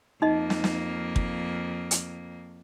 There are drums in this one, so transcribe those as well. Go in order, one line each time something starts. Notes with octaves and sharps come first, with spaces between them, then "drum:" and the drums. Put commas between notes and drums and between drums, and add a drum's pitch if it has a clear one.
F2 A#3 D#4 D#5
drum: snare
drum: snare
drum: kick
drum: hi-hat